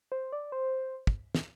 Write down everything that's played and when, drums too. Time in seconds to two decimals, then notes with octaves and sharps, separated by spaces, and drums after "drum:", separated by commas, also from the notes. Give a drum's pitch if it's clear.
0.12 C5
0.32 D5
0.52 C5
1.07 drum: kick
1.35 drum: snare